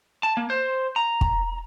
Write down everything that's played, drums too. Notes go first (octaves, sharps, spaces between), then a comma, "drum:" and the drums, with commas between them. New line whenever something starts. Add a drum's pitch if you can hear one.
A5
A#3
C5
A#5
drum: kick